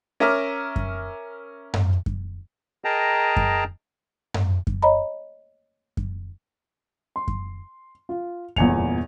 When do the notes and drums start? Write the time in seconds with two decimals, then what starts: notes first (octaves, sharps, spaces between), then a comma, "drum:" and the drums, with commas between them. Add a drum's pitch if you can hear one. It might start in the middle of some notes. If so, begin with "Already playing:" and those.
0.20 C#4 A#4 E5 A#5 D6 F6
0.76 drum: kick F#2
1.74 drum: tom F#2
2.06 drum: kick F#2
2.84 G#4 A#4 D#5 G5 A5 A#5
3.36 drum: kick F#2
4.34 drum: tom F#2
4.67 drum: kick F#2
4.82 C#5 D#5 A#5 B5
5.97 drum: kick F#2
7.16 C6
7.28 drum: kick F#2
8.09 F4
8.56 G1 E2 A#2 G#5 C#7 F7, drum: kick F#2